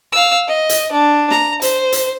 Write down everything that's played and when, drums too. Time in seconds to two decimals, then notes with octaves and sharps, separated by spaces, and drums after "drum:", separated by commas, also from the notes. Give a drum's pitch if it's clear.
0.13 F5 E6
0.48 D#5
0.69 drum: hi-hat
0.92 D4
1.31 A#5, drum: snare
1.62 C5, drum: hi-hat
1.92 drum: hi-hat